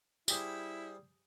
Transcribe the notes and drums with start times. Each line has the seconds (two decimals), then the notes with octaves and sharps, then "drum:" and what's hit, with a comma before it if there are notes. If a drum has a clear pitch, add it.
0.28 G3 E4 G#4 C5, drum: tambourine